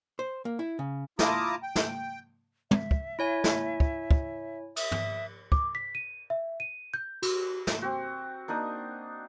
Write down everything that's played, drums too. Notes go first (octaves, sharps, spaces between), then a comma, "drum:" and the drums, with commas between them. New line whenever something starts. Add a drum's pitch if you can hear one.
C5
A#3
E4
C#3
E4 F4 A5 A#5 D6 D#6, drum: snare
G5
drum: snare
E5, drum: tom
drum: kick
E4 C#5 G#5
drum: snare
drum: kick
drum: kick
E5 D#6, drum: cymbal
drum: tom
D6, drum: kick
B6
D#7
E5
D#7
G6
F#4, drum: cymbal
drum: snare
C4 F#4
A#3 D4 D#4 D#6